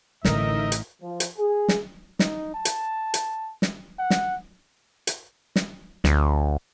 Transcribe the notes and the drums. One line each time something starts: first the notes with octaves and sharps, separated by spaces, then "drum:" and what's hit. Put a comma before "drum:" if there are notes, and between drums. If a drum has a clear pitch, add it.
A1 D3 C4 D#4 A#4 D#5 E5, drum: snare
drum: hi-hat
F3
drum: hi-hat
G#4
drum: snare
D#4, drum: snare
A5
drum: hi-hat
drum: hi-hat
drum: snare
F#5
drum: snare
drum: hi-hat
drum: snare
D2, drum: snare